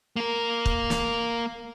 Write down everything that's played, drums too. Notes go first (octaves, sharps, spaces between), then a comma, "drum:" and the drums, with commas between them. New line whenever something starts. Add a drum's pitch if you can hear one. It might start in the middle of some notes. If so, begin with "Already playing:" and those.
A#3 A#4
drum: kick
drum: snare